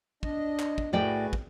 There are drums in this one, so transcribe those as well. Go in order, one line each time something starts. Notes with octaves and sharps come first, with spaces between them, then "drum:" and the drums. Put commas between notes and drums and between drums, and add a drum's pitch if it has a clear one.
D4 D#5, drum: kick
drum: clap
drum: kick
A2 F#4 G#4 B4 D5 G5
drum: kick